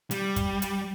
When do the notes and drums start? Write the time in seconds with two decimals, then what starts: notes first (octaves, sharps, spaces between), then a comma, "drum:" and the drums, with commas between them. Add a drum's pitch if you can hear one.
0.11 G3, drum: hi-hat
0.36 drum: kick, hi-hat
0.62 drum: hi-hat